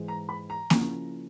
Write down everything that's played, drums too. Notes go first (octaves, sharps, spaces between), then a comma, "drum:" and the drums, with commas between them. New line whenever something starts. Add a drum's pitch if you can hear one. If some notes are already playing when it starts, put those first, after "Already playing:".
Already playing: G#2 E3 G#3
A#5
B5
A#5
C#3 F3 A#3 C#4 E4, drum: snare A#3